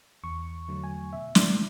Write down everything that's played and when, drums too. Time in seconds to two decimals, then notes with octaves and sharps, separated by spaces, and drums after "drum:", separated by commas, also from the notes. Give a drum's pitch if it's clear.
0.24 E2 C#6
0.68 D3 F#3 A3
0.84 G#5
1.13 B2 E5
1.35 D5, drum: snare